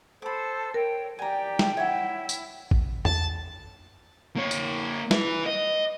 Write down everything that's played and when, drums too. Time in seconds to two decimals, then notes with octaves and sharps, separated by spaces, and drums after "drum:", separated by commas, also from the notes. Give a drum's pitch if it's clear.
0.22 A4 C5 B5 D6
0.74 A#4 C#5 G5
1.19 G4 D5 G5 G#5 A#5
1.59 drum: snare
1.77 E4 C#5 E5 F#5
2.29 drum: tambourine
2.71 drum: kick A1
3.05 A5, drum: tom E2
4.36 A#3 C#5
4.51 drum: tambourine
5.11 E4 B4, drum: snare
5.46 D#5